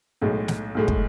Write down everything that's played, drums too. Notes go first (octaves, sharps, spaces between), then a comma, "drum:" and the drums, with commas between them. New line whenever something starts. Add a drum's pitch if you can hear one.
B1 A2 G#3
drum: snare
B1 A2 G#3
drum: kick